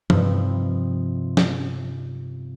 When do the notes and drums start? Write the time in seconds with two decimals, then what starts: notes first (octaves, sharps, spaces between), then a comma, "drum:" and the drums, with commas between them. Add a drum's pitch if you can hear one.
0.10 G2 C3 F3 C4 D#4, drum: tom
1.37 drum: snare